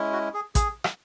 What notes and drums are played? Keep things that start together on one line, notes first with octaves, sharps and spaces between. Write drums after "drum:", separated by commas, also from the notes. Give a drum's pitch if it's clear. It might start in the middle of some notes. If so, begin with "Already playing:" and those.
Already playing: G#3 C#4 E4
F#4
G#4
G#4, drum: kick A1, hi-hat
drum: rim click